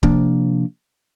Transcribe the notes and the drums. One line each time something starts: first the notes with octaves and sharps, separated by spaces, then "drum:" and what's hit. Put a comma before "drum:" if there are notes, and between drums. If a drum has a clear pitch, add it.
C3 F3 A#3 D4, drum: kick D1